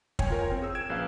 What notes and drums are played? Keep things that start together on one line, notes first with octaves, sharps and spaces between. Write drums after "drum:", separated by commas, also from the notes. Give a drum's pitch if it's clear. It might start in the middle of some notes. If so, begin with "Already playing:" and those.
C#5 G5 G#5, drum: kick
F4 A#4 C#5
C4 G5
G#4 E6
G#6 D7 E7
A#1 C#4 B4 F5